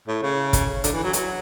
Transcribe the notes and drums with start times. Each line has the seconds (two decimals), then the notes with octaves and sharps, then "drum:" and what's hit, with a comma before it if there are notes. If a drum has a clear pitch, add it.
0.08 A2
0.23 C#3
0.53 drum: kick, hi-hat
0.84 D3, drum: hi-hat
0.93 E3
1.03 F#3
1.13 F#3, drum: hi-hat